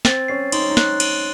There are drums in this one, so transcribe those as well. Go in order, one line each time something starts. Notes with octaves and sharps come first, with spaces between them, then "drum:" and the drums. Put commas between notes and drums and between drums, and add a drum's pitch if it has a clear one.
C4 A6, drum: snare
C#4 C7
D#4 C6, drum: cymbal
C#4
D#4
F#6, drum: snare
D#7, drum: cymbal